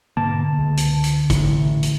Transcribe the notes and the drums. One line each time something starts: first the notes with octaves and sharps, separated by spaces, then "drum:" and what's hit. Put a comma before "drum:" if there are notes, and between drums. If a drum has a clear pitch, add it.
G#2 B2 D3 A#3 A5
C#2
drum: hi-hat
drum: hi-hat
A1 A2 E4, drum: kick, hi-hat
drum: hi-hat